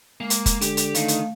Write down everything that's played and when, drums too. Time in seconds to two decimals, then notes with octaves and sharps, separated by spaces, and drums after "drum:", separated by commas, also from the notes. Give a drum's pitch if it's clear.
0.21 G#3 A#3
0.30 drum: hi-hat
0.46 drum: kick F1, hi-hat
0.61 D3 G4, drum: hi-hat
0.77 drum: hi-hat
0.95 D#3 A3 F5, drum: hi-hat
1.08 drum: hi-hat